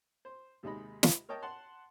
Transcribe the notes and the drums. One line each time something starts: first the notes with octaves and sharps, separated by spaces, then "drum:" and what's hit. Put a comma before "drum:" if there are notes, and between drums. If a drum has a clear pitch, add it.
C5
D#2 C3 G#3 D#4 D#5 B5
drum: snare
A#4 C#5 D#5 G5 A5
F#5 A5 C6